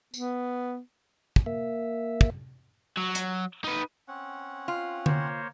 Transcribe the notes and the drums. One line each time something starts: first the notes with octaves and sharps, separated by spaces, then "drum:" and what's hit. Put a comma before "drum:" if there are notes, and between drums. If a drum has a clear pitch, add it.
B3, drum: tambourine
drum: kick
A#3 E5
drum: kick
F#3
drum: hi-hat
D#4 B4
C4 C#4 F#5
F4
A#3 C5 C#5, drum: tom D3